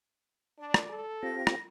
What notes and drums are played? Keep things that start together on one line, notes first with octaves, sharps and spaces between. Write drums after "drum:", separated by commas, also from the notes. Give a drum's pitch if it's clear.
D4 D5
drum: rim click
A4
C4 F4 G4 A#6
drum: rim click